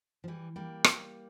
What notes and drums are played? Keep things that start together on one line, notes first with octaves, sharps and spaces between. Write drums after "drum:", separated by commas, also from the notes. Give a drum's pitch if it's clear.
F3
E3 G3
G3 A#3
drum: rim click